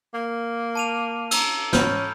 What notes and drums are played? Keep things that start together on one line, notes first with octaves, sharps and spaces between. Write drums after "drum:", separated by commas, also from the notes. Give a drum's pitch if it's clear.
A#3
A5 D#7 F7
A#5 E6, drum: cymbal
C#4 B5 F6 G6, drum: snare